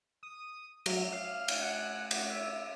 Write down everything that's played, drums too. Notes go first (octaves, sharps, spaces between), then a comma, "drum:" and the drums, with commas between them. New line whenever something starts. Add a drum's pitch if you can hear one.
D#6
F#3, drum: cymbal
F5
drum: cymbal
F#5
drum: cymbal
E5